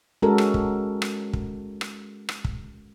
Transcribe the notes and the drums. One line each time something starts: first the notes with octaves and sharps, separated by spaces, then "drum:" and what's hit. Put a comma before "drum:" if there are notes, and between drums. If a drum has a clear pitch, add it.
G#3 C#4 F#4 A4 A#4
drum: rim click
drum: kick
drum: rim click
drum: kick
drum: rim click
drum: rim click
drum: kick